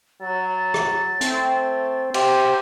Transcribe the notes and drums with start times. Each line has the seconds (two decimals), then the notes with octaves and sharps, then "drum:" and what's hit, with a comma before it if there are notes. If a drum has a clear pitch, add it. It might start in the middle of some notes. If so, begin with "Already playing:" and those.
0.22 F#3 A6
0.74 drum: rim click
1.21 A3 C4, drum: hi-hat
2.14 G4 C5, drum: cymbal